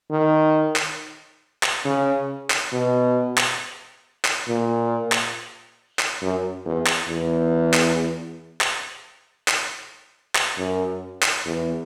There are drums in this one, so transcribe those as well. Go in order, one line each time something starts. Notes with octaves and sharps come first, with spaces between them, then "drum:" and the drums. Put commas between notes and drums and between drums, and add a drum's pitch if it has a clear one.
D#3
drum: clap
drum: clap
C#3
drum: clap
B2
drum: clap
drum: clap
A#2
drum: clap
drum: clap
F#2
E2
drum: clap
E2
drum: clap
drum: clap
drum: clap
drum: clap
F#2
drum: clap
E2